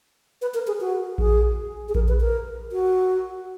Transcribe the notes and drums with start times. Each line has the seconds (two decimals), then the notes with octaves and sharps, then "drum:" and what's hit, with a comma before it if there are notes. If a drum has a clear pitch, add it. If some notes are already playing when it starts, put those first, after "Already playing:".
0.42 B4
0.54 A#4
0.67 G#4
0.81 F#4
1.18 G#4, drum: kick A#1
1.89 G#4
1.95 A#4, drum: kick A#1
2.08 B4
2.21 A#4
2.72 F#4